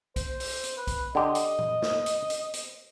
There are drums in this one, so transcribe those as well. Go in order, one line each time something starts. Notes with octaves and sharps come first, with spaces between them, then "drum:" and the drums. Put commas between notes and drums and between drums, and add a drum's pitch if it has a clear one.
C5, drum: kick, hi-hat
drum: open hi-hat
drum: hi-hat
B4
drum: kick, hi-hat
D3 G4 D#5
drum: hi-hat
drum: tom A#2
drum: snare
drum: hi-hat
drum: hi-hat
drum: hi-hat